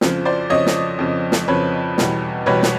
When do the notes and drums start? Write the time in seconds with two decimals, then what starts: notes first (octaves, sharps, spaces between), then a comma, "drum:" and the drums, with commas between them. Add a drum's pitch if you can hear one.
0.01 F2 C#3 F3, drum: snare
0.25 C5 D5
0.50 F2 C#3 F3 C#5 D#5
0.66 drum: snare
0.99 F2 C#3 F3
1.32 drum: snare
1.48 F2 C#3 F3 B4 C#5
1.98 E2 B2 G3, drum: snare
2.46 E2 B2 G3 B4 C#5
2.63 drum: snare